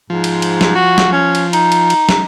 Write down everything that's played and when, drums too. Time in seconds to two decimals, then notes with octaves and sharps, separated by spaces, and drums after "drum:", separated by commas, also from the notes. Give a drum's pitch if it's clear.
0.10 G#2 F3
0.24 drum: cymbal
0.42 drum: cymbal
0.61 drum: snare
0.75 F#4
0.98 drum: snare
1.12 C#4
1.35 drum: cymbal
1.53 D#4, drum: cymbal
1.72 drum: cymbal
1.90 drum: cymbal
2.09 drum: snare